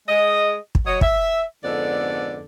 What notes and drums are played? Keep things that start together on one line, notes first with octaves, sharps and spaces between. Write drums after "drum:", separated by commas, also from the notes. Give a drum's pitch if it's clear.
G#3 D#5
drum: kick
F#3 C#5 D#5
E5, drum: kick
F2 G#2 D3 B3 A4 D5